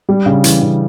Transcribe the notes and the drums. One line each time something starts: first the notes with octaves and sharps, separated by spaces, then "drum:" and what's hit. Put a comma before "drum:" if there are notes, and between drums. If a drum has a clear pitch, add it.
G3
C#3
E3, drum: hi-hat
C#3